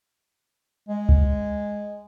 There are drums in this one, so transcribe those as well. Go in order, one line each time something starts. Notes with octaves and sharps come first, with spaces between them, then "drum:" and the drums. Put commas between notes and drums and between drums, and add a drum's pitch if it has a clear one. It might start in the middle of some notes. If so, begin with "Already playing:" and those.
G#3
drum: kick C#2